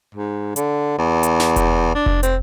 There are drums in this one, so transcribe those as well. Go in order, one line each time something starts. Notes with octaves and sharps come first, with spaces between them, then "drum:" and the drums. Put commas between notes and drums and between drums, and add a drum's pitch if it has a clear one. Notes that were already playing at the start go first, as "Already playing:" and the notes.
G#2
D3, drum: hi-hat
E2
drum: hi-hat
drum: snare
drum: kick F1, hi-hat
D4
drum: kick F1
C4, drum: hi-hat